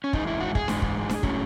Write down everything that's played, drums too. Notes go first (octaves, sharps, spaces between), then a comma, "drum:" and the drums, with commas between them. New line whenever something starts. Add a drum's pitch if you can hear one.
C#4
G#2 E3 G#3 D#4, drum: kick
E4
F#4
G#4, drum: kick
G#2 E3 G#3, drum: snare D4
drum: kick
drum: snare D4
A2 F#3 C#4, drum: kick